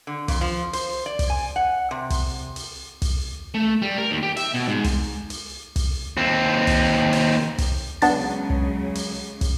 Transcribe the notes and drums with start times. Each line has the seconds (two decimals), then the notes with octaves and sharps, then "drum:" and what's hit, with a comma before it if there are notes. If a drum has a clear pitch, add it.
0.07 D3
0.28 F2, drum: kick, open hi-hat
0.41 F3
0.73 C5, drum: open hi-hat
1.06 D5
1.19 drum: kick, open hi-hat
1.30 G#5
1.56 F#5
1.91 C3
2.10 drum: kick, open hi-hat
2.56 drum: open hi-hat
3.02 drum: kick, open hi-hat
3.54 A3
3.82 G3
3.98 A#4
4.11 D#2
4.23 G4
4.37 E5, drum: open hi-hat
4.54 B2
4.68 G#2
4.84 drum: kick, open hi-hat
5.30 drum: open hi-hat
5.76 drum: kick, open hi-hat
6.17 D#2 C4
6.67 drum: kick, open hi-hat
7.13 drum: open hi-hat
7.58 drum: kick, open hi-hat
8.02 C#3 F#3 G#3 B3 D4 A6, drum: open hi-hat
8.50 drum: kick
8.95 drum: open hi-hat
9.41 drum: kick, open hi-hat